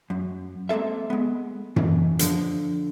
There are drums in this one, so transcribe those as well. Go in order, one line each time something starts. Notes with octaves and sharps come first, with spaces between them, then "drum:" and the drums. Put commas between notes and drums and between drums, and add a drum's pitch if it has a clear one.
F#2
G#3 A#3 C4 A4 E5
G#3 B3
E3, drum: tom F#2
D3 F3, drum: hi-hat